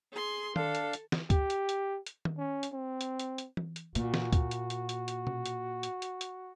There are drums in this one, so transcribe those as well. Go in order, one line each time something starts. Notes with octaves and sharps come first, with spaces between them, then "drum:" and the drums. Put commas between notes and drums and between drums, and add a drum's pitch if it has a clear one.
G#4 C6
D4 A4 F5, drum: tom D#3
drum: hi-hat
drum: hi-hat
drum: snare
G4, drum: kick C#2, hi-hat
drum: hi-hat
drum: hi-hat
drum: hi-hat
drum: tom D#3
C#4
drum: hi-hat
C4
drum: hi-hat
drum: hi-hat
drum: hi-hat
drum: tom E3
drum: hi-hat
A#2 F#4, drum: hi-hat
drum: snare
drum: kick C#2, hi-hat
drum: hi-hat
drum: hi-hat
drum: hi-hat
drum: hi-hat
drum: tom B2
drum: hi-hat
drum: hi-hat
drum: hi-hat
drum: hi-hat